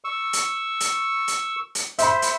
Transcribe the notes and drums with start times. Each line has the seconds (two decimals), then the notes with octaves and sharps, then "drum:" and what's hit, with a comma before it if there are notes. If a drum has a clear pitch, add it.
0.04 C#6 E6
0.33 drum: hi-hat
0.80 drum: hi-hat
1.28 drum: hi-hat
1.75 drum: hi-hat
1.99 C5 E5 B5, drum: hi-hat
2.22 drum: hi-hat